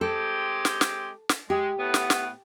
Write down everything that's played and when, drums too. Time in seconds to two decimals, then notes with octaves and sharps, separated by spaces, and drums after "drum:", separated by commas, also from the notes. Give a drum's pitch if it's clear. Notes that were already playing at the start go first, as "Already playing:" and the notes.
0.01 G#3 C4 G4 A4
0.65 drum: snare
0.81 drum: snare
1.29 drum: snare
1.50 G#3 G4
1.78 A2 B3
1.94 drum: snare
2.10 drum: snare